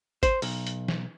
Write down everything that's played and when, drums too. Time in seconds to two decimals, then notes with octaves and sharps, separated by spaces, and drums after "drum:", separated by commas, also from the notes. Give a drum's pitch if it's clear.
0.23 C5, drum: kick, hi-hat
0.42 B1, drum: open hi-hat
0.67 drum: hi-hat
0.88 drum: snare